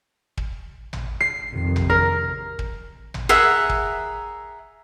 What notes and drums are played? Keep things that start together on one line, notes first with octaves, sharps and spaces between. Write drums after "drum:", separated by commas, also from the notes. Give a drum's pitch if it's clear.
drum: kick
drum: tom
C7
F2 C3 D#3
drum: tom
A#4
drum: kick
drum: tom
G#4 A#4 E5 F#5
drum: kick